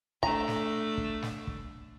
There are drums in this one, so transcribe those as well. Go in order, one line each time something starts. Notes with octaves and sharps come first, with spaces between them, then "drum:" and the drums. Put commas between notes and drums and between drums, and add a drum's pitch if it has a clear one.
A3 D4 A#5, drum: kick
drum: snare
drum: kick
drum: snare
drum: kick